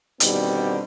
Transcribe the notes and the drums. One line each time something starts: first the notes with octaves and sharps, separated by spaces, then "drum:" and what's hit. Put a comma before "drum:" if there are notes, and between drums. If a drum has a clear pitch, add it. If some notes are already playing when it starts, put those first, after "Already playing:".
B2 D3 D#3 G3 C4, drum: hi-hat